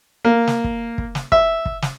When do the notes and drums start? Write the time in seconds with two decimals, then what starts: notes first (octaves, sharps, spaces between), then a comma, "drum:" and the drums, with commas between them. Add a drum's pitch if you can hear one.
0.25 A#3
0.47 drum: snare
0.64 drum: kick
0.98 drum: kick
1.15 drum: snare
1.32 E5, drum: kick
1.66 drum: kick
1.82 drum: snare